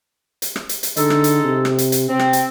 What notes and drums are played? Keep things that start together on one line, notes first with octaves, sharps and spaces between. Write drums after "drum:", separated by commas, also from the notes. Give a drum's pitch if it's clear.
drum: hi-hat
drum: rim click
drum: hi-hat
drum: hi-hat
D3 G#3 D#4 A4, drum: hi-hat
drum: rim click
drum: hi-hat
C3
drum: rim click
drum: hi-hat
drum: hi-hat
C3 C4
drum: rim click
drum: hi-hat